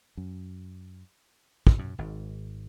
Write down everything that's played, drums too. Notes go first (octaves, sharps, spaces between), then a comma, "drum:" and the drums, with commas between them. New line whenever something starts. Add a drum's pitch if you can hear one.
F#2
F2, drum: kick
F#2
G#1 G#2